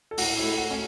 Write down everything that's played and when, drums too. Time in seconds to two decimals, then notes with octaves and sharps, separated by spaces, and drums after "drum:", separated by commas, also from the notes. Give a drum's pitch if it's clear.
0.11 A4
0.17 A2 F#4, drum: open hi-hat
0.38 E4
0.44 A3
0.57 F#4
0.71 C#4